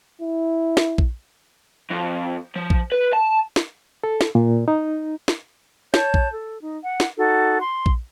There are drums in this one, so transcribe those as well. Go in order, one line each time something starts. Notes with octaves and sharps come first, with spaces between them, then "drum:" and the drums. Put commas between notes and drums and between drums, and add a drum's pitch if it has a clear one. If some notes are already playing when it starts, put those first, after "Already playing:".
E4
drum: snare
drum: kick A#1
F2
F3
drum: kick A#1
B4
A5
drum: snare
A4
drum: snare
A#2
D#4
drum: snare
C#5 A5 G6, drum: snare
drum: kick A#1
A4
D#4
F#5
drum: snare
D#4 F#4 A4
C6
drum: kick A#1